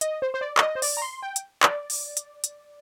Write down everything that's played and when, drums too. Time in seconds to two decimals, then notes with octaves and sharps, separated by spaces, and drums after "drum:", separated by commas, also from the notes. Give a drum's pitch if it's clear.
0.01 D#5, drum: hi-hat
0.22 C5
0.34 C5
0.41 D5
0.57 D5, drum: clap
0.62 D#5
0.75 C5
0.82 D5, drum: open hi-hat
0.97 A#5
1.02 C6
1.23 G5
1.36 drum: hi-hat
1.63 D5, drum: clap
1.90 drum: open hi-hat
2.17 drum: hi-hat
2.44 drum: hi-hat